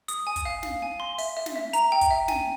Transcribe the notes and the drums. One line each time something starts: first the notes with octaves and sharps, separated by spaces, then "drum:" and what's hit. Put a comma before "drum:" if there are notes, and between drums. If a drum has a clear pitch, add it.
D#6, drum: hi-hat
G#5
drum: kick, hi-hat
F5
F5, drum: snare
G#5
C6
E5, drum: open hi-hat
E5
drum: snare
E5
A#5, drum: hi-hat
G5
drum: kick, hi-hat
E5
G#5, drum: snare